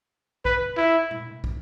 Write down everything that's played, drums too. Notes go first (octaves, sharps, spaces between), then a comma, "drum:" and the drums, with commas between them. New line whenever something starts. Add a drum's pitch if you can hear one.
B4, drum: kick
E4
drum: tom A#2
drum: kick